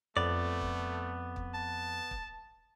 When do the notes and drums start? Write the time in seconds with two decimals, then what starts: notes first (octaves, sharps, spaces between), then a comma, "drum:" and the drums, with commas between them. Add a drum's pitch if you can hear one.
0.17 F2 A3 B3 D5
0.61 drum: kick
1.36 drum: kick
1.55 A5
2.11 drum: kick